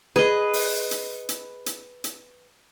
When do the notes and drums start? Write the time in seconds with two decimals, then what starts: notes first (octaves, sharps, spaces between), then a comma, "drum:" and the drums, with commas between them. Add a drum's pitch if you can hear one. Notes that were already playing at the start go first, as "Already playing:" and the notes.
0.16 G#4 B4 D#5
0.53 drum: open hi-hat
0.91 drum: hi-hat
1.29 drum: hi-hat
1.66 drum: hi-hat
2.04 drum: hi-hat